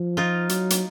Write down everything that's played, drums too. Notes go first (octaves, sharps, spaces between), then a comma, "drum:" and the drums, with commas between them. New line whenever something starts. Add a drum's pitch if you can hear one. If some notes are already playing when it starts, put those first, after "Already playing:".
Already playing: F3
D#4 F4
F#3, drum: hi-hat
drum: hi-hat